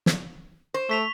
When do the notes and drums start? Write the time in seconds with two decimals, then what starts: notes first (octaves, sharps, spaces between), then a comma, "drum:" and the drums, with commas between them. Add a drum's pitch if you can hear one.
0.06 drum: snare
0.74 C5
0.89 A3 C#6 B6 F7